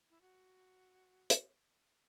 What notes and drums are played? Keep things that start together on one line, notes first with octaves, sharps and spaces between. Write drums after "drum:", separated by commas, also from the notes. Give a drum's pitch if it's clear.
E4
F#4
drum: hi-hat